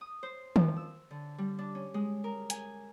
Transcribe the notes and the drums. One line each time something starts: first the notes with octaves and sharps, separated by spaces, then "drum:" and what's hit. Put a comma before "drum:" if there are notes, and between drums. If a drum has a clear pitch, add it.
D#6
C5
F3, drum: tom D#3
E6
D3
G3
D4
C#4
G#3
A#4
G#5, drum: hi-hat